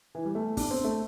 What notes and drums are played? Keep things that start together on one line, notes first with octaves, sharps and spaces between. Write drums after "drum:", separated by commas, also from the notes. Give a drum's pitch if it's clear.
E3
G3
A3
D4, drum: kick, open hi-hat
C4
A3